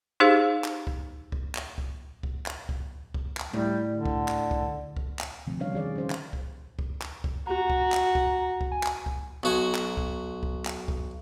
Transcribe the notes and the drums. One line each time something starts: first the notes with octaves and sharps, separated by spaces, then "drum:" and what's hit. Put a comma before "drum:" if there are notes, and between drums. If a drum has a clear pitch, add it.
D#4 G4 G#4 C5 F5
drum: clap
drum: kick C#2
drum: kick C#2
drum: clap
drum: kick C#2
drum: kick C#2
drum: clap
drum: kick C#2
drum: kick C#2
drum: clap
A2 G3
D3
drum: kick C#2
drum: clap
drum: kick C#2
drum: kick C#2
drum: clap
B2 D3 D#3 F3 A3 C4
C#3 E3 G3 D4 C#5 F5
D#3 E3 G#4 D5
C#4 D#4 C5 F5
drum: clap
drum: kick C#2
drum: kick C#2
drum: clap
drum: kick C#2
F#4 A#5
drum: kick C#2
drum: clap
drum: kick C#2
drum: kick C#2
G#5
drum: clap
drum: kick C#2
B1 F#4 G#5
drum: clap
drum: kick C#2
drum: kick C#2
drum: clap
drum: kick C#2